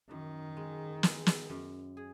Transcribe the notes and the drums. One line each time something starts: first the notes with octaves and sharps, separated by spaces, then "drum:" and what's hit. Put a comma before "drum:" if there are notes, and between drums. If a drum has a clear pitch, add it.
F#2 D#3
G#3
G#3, drum: snare
drum: snare
F#2
G#4